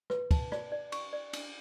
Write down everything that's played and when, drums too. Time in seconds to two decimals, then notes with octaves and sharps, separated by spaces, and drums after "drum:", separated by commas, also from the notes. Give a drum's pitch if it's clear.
0.10 B4, drum: rim click
0.31 A5, drum: kick, cymbal
0.52 D5, drum: rim click
0.72 D5
0.92 C#6, drum: cymbal
1.13 D5
1.33 D4, drum: cymbal